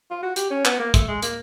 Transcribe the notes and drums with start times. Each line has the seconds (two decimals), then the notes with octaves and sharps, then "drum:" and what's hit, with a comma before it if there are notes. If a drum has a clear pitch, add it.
0.11 F4
0.23 F#4
0.36 G4, drum: hi-hat
0.51 C#4
0.65 B3, drum: clap
0.80 A#3
0.94 A3, drum: kick, hi-hat
1.08 G#3
1.22 A#3, drum: hi-hat